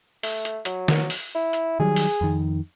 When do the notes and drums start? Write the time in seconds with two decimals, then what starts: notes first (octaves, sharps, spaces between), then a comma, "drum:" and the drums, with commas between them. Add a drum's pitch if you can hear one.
0.23 A3, drum: open hi-hat
0.45 drum: hi-hat
0.65 F#3, drum: hi-hat
0.88 drum: snare D#3
1.10 drum: open hi-hat
1.35 E4
1.53 drum: hi-hat
1.80 D#3 F#3 G3 G#4
1.96 drum: open hi-hat
2.21 F2 D#3